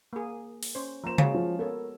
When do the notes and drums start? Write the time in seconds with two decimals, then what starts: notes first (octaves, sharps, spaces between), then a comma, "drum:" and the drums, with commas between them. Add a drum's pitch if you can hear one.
0.13 A#3 G#4
0.63 drum: open hi-hat
0.75 C#4 C5
1.04 F3 A#3 C5 A#5 E7
1.18 C#3 G#3 F#4, drum: tom C#3
1.34 F3
1.59 B3 A4 A#4 C#5